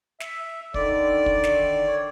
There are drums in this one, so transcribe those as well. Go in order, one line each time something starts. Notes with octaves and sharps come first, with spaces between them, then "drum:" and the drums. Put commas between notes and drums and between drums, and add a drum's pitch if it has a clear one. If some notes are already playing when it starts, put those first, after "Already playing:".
E5, drum: snare
D3 D#3 D5, drum: kick
drum: kick
drum: snare
C#5